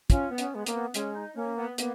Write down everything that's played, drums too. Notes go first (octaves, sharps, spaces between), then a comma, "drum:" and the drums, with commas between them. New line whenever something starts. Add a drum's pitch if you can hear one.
C#4 F4, drum: kick, hi-hat
B3
C#4, drum: hi-hat
G#3 B3
A#3, drum: hi-hat
B3
G#3 C#4, drum: hi-hat
D#4
A#3 C#4
B3
A#3 B3, drum: hi-hat